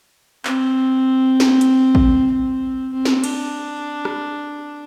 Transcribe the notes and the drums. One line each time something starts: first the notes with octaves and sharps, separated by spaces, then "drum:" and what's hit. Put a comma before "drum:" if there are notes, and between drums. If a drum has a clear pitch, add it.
C4, drum: clap
drum: snare
drum: hi-hat
drum: kick A1
C4
C4
drum: snare
D4, drum: cymbal
drum: rim click